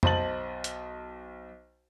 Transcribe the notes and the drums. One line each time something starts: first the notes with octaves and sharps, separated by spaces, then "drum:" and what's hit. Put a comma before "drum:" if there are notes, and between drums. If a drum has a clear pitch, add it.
B1 C5 D#5 A5 A6 F#7, drum: tom F2
drum: hi-hat